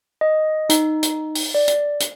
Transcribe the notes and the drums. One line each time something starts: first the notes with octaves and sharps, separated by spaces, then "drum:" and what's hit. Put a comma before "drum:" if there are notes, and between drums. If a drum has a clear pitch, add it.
D#5
D#4, drum: hi-hat
drum: hi-hat
drum: open hi-hat
D5
drum: hi-hat
drum: hi-hat